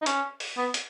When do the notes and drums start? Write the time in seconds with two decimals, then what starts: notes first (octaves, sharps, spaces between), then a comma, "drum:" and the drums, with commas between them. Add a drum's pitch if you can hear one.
0.02 D#4
0.06 C#4, drum: hi-hat
0.40 drum: open hi-hat
0.57 B3
0.74 drum: hi-hat